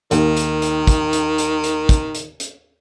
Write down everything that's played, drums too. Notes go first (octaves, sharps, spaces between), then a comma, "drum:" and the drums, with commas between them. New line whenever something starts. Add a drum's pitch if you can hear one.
D#2 D#3, drum: hi-hat
drum: hi-hat
drum: hi-hat
drum: kick, hi-hat
drum: hi-hat
drum: hi-hat
drum: hi-hat
drum: kick, hi-hat
drum: hi-hat
drum: hi-hat